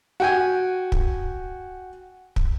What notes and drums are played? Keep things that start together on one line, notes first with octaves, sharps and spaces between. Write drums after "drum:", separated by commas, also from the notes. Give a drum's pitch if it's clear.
F#4 G5 G#5
drum: kick
drum: kick